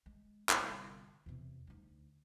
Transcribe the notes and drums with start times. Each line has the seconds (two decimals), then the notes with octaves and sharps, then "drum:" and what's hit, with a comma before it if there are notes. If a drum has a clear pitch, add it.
0.06 G#3
0.49 G1 C3, drum: clap
1.26 E2 C3
1.67 D2 D#4